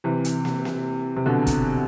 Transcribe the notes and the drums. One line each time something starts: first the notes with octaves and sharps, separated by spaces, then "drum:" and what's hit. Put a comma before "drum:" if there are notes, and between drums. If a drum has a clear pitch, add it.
C3 E3
drum: hi-hat
drum: snare
drum: snare
C3
B2 D3
drum: kick, hi-hat